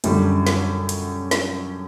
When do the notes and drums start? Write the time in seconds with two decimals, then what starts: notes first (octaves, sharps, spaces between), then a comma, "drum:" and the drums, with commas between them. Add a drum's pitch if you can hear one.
0.04 F#2 D3 G3, drum: hi-hat
0.47 drum: snare
0.89 drum: hi-hat
1.31 drum: snare